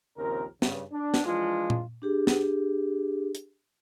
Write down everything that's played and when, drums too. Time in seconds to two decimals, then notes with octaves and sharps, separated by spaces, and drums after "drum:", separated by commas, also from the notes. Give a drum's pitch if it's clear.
0.17 A#1 D#2 C#3 C4 A#4
0.62 G2 C#3, drum: snare
0.92 D4
1.14 drum: snare
1.25 E3 F3 G#3 D4 F4
1.70 drum: tom A#2
2.02 D4 G4 G#4
2.27 drum: snare
3.35 drum: hi-hat